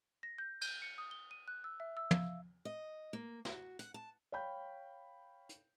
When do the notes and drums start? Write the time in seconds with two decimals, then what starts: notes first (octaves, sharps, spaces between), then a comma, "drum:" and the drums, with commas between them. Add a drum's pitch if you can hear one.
0.23 A#6
0.38 G6
0.61 G6, drum: cymbal
0.82 C#7
0.98 D#6
1.11 G7
1.31 D#7
1.48 F#6
1.64 E6
1.80 E5
1.97 E6
2.11 F5, drum: tom
2.65 D#5
3.13 A#3
3.45 F#4, drum: snare
3.79 F#5, drum: hi-hat
3.94 A5
4.32 C#5 F5 G5 B5 G6
5.49 drum: hi-hat